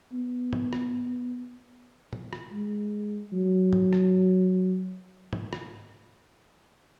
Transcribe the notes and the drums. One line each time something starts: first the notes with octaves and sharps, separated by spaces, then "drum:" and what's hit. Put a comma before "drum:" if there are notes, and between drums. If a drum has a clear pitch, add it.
B3
drum: tom G#2
drum: rim click
drum: tom
drum: rim click
G#3
F#3
drum: tom G#2
drum: rim click
drum: tom G#2
drum: rim click